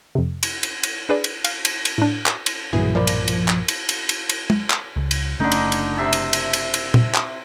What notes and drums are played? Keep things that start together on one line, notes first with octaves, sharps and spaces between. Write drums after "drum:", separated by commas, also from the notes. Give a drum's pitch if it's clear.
F2 C3
drum: cymbal
drum: cymbal
drum: cymbal
D4 G#4 B4 D5
drum: cymbal
F5, drum: cymbal
drum: cymbal
drum: cymbal
A2 D4
drum: clap
drum: cymbal
B1 G2 A#2 E3 F#3 G#4
F3 A#4 D5 B5
drum: cymbal
drum: cymbal
drum: clap
drum: cymbal
drum: cymbal
drum: cymbal
drum: cymbal
drum: tom
drum: clap
C#2
drum: cymbal
F#1 D3 A3 C#4 D#4
drum: cymbal
drum: cymbal
C3 E5 A5
drum: cymbal
drum: cymbal
drum: cymbal
drum: cymbal
drum: tom
drum: clap